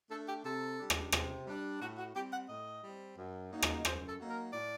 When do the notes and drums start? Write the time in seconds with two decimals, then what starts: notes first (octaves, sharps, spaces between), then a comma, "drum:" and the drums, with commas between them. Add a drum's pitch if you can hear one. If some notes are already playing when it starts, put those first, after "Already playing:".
0.10 A3 D4 A4
0.28 G4
0.44 C3 A4
0.78 G3 D4
0.90 drum: rim click
1.12 C3, drum: rim click
1.47 G3 D4
1.80 A2 F#4
1.98 F#4
2.15 G3 C4 G4
2.32 F#5
2.49 A2 D#5
2.83 G3 C4
3.17 F#2
3.51 F#3 A#3 D#4
3.62 drum: rim click
3.85 F#2 C5, drum: rim click
4.08 A4
4.19 F#3 A#3 D#4
4.30 A#4
4.53 A2 D5